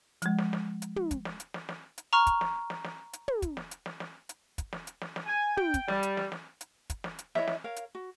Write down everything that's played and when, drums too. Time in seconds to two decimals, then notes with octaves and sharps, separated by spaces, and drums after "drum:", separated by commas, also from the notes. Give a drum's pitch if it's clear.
0.22 F3 G#3, drum: hi-hat
0.38 drum: snare
0.53 drum: snare
0.82 drum: hi-hat
0.96 drum: tom
1.11 drum: kick, hi-hat
1.25 drum: snare
1.40 drum: hi-hat
1.54 drum: snare
1.69 drum: snare
1.98 drum: hi-hat
2.13 A#5 C#6 F6
2.27 drum: kick, hi-hat
2.41 drum: snare
2.70 drum: snare
2.84 drum: snare
3.13 drum: hi-hat
3.28 drum: tom
3.42 drum: kick, hi-hat
3.57 drum: snare
3.71 drum: hi-hat
3.86 drum: snare
4.00 drum: snare
4.29 drum: hi-hat
4.58 drum: kick, hi-hat
4.73 drum: snare
4.87 drum: hi-hat
5.01 drum: snare
5.16 drum: snare
5.27 G#5
5.57 G5, drum: tom
5.74 drum: kick, hi-hat
5.88 G3, drum: snare
6.03 drum: hi-hat
6.17 drum: snare
6.32 drum: snare
6.61 drum: hi-hat
6.90 drum: kick, hi-hat
7.04 drum: snare
7.19 drum: hi-hat
7.35 E4 C#5 D#5 E5, drum: snare
7.47 drum: snare
7.64 A#4 C#5 F5
7.76 drum: hi-hat
7.95 F#4